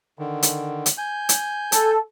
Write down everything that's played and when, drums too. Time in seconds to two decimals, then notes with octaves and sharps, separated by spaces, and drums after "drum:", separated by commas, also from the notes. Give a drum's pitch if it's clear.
0.19 D3 D#3
0.43 drum: hi-hat
0.86 drum: hi-hat
0.98 G#5 G6
1.29 drum: hi-hat
1.72 A4, drum: hi-hat